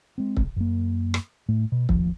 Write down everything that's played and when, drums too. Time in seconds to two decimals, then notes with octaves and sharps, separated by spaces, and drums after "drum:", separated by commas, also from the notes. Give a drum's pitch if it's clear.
0.18 G#3 C4
0.37 drum: kick
0.56 F#2 A#3
1.14 drum: rim click
1.49 A2 A3
1.72 B2
1.89 D1 D#2 F3, drum: kick